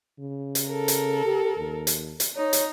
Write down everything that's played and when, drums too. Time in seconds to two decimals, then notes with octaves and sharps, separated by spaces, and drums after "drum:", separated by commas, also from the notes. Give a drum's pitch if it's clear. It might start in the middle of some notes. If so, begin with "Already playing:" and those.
0.19 C#3
0.55 drum: hi-hat
0.69 A4 A#4
0.88 drum: hi-hat
1.25 G4
1.57 D#2
1.87 drum: hi-hat
2.20 drum: hi-hat
2.36 D#4 C#5
2.53 drum: hi-hat